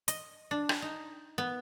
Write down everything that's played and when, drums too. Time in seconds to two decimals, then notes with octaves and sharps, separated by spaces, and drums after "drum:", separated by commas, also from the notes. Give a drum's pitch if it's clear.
0.08 D#5, drum: hi-hat
0.51 D4
0.69 drum: rim click
0.82 D#4
1.38 B3